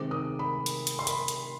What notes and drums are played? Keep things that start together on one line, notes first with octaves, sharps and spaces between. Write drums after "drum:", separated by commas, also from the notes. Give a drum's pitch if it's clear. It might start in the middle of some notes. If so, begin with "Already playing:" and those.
Already playing: C3 D#3 G#3 C4 D6
D#6
B5
drum: hi-hat
drum: hi-hat
C6
B5, drum: hi-hat
drum: hi-hat